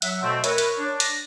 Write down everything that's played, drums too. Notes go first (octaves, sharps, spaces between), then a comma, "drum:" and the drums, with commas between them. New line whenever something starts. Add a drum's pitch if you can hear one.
F#3 E5 F#5, drum: hi-hat
B2 A3 C4
A#4 B4 C#5, drum: hi-hat
drum: hi-hat
D4
A#6, drum: hi-hat